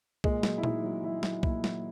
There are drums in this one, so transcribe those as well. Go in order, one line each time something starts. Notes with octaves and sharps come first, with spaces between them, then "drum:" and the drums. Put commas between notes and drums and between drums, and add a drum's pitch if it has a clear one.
A#2 G#3, drum: kick B1
F#3, drum: snare
E4
F#3 D#4, drum: tom A#2
F#3
F#3 E4
F#3, drum: snare
A#2 E4, drum: kick B1
F#3, drum: snare